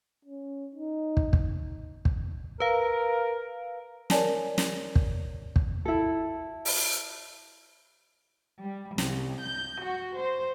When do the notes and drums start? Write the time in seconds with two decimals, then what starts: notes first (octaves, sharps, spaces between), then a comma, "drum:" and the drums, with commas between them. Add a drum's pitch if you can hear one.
0.25 C#4
0.75 D#4
1.17 drum: kick
1.33 drum: kick
2.05 drum: kick
2.60 A#4 B4 F5
4.10 A#4 C#5 D5 G#5 A5, drum: snare
4.58 drum: snare
4.95 drum: kick
5.56 drum: kick
5.85 E4 A4
6.65 drum: open hi-hat
8.61 G3
8.98 C2, drum: snare
9.43 G6
9.83 F#4
10.18 C5